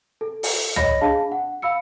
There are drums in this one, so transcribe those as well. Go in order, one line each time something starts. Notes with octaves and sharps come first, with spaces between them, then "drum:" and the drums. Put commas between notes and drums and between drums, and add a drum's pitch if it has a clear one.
A4
drum: open hi-hat
C#5 D#5 B5 A#6, drum: tom
D4 G#4 F5 A5
F#5
F5 B5 E6 C#7